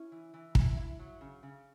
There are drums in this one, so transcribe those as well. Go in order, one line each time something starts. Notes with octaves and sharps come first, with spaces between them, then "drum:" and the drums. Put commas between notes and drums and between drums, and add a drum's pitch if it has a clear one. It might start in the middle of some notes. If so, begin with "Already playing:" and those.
Already playing: C#4 E4
E3
E3
E4, drum: kick
E4
F#3
C#3
C#3